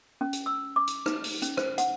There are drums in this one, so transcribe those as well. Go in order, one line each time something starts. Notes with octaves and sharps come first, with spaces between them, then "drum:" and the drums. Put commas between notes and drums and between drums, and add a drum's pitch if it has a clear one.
C#4
drum: hi-hat
E6
D6
drum: hi-hat
D#4, drum: rim click
drum: open hi-hat
C#4, drum: hi-hat
C5, drum: rim click
F#5, drum: hi-hat